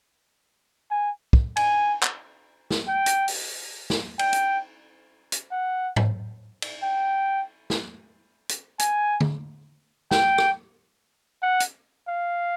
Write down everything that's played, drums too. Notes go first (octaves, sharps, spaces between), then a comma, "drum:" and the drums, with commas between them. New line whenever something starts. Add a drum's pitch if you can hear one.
G#5
drum: kick
G#5, drum: cymbal
drum: clap
drum: snare
G5
drum: hi-hat
drum: open hi-hat
drum: snare
G5, drum: cymbal
drum: hi-hat
drum: hi-hat
F#5
drum: tom G#2
drum: cymbal
G5
drum: snare
drum: hi-hat
G#5, drum: hi-hat
drum: tom D3
G5, drum: snare
drum: rim click
F#5
drum: hi-hat
F5